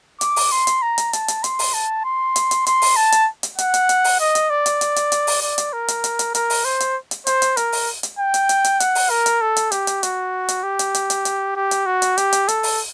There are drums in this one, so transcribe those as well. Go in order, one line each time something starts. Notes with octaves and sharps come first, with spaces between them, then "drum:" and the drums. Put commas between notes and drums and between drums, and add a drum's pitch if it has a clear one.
D6, drum: hi-hat
drum: open hi-hat
C6
drum: hi-hat
A#5
drum: hi-hat
A5, drum: hi-hat
drum: hi-hat
C6, drum: hi-hat
drum: open hi-hat
A5
C6
drum: hi-hat
drum: hi-hat
C6, drum: hi-hat
drum: open hi-hat
A5
drum: hi-hat
drum: hi-hat
F#5, drum: hi-hat
drum: hi-hat
drum: hi-hat
drum: open hi-hat
D#5
drum: hi-hat
D5
drum: hi-hat
drum: hi-hat
drum: hi-hat
drum: hi-hat
drum: open hi-hat
D5
drum: hi-hat
A#4
drum: hi-hat
drum: hi-hat
drum: hi-hat
A#4, drum: hi-hat
drum: open hi-hat
C5
drum: hi-hat
drum: hi-hat
C5, drum: hi-hat
drum: hi-hat
A#4, drum: hi-hat
drum: open hi-hat
drum: hi-hat
G5
drum: hi-hat
drum: hi-hat
drum: hi-hat
F#5, drum: hi-hat
drum: open hi-hat
A#4
drum: hi-hat
A4
drum: hi-hat
G4, drum: hi-hat
drum: hi-hat
F#4, drum: hi-hat
drum: hi-hat
G4
drum: hi-hat
drum: hi-hat
drum: hi-hat
drum: hi-hat
G4
drum: hi-hat
F#4
drum: hi-hat
G4, drum: hi-hat
drum: hi-hat
A4, drum: hi-hat
drum: open hi-hat